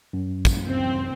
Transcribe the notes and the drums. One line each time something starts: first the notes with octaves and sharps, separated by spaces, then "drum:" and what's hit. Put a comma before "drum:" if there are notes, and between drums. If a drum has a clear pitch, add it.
F#2
drum: kick, tambourine
C4